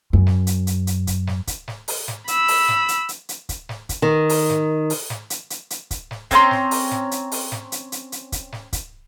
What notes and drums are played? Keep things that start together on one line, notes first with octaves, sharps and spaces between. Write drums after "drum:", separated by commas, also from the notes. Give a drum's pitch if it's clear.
F#2
drum: snare
drum: hi-hat
drum: hi-hat
drum: hi-hat
drum: kick, hi-hat
drum: snare
drum: kick, hi-hat
drum: snare
drum: open hi-hat
drum: snare
B5 E6, drum: hi-hat
drum: open hi-hat
drum: snare
drum: hi-hat
drum: hi-hat
drum: hi-hat
drum: kick, hi-hat
drum: snare
drum: kick, hi-hat
D#3
drum: open hi-hat
drum: snare
drum: open hi-hat
drum: snare
drum: hi-hat
drum: hi-hat
drum: hi-hat
drum: kick, hi-hat
drum: snare
C4 C#4 A#5 C6, drum: kick, hi-hat
drum: snare
drum: open hi-hat
drum: snare
drum: hi-hat
drum: open hi-hat
drum: snare
drum: hi-hat
drum: hi-hat
drum: hi-hat
drum: kick, hi-hat
drum: snare
drum: kick, hi-hat